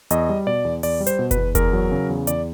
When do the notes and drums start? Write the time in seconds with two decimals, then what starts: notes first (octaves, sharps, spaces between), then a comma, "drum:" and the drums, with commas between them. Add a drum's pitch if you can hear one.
0.10 E2 D#5, drum: hi-hat
0.29 G3
0.47 B2 D5
0.65 E2
0.83 E2 D5, drum: open hi-hat
1.00 G3
1.07 C5, drum: hi-hat
1.19 B2
1.31 B4, drum: kick F#1, hi-hat
1.37 E2
1.55 E2 A#4, drum: kick F#1, hi-hat
1.73 F#3
1.91 C#3
2.09 E2
2.27 E2 D5, drum: hi-hat